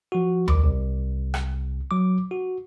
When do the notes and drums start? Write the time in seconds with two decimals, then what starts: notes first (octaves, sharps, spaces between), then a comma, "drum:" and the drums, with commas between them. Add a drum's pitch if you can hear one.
0.12 F3 F#4
0.48 C2 D6, drum: tom D#2
0.64 C2 C3
1.34 drum: rim click
1.91 F#3 D6
2.31 F#4